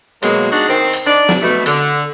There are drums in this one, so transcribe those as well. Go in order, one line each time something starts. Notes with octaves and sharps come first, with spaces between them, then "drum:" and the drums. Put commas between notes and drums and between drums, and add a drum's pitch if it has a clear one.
B2 F#3 G#3 A#3, drum: hi-hat
D4 D#4 F#4 G#4
D#3 C4
drum: hi-hat
D4 D#4 D5
drum: snare
B2 A3
D3, drum: hi-hat